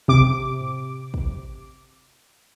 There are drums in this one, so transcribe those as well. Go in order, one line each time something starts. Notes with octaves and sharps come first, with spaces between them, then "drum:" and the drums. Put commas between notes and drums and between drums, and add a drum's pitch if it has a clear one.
C3 D6, drum: kick
drum: tom G#2
drum: kick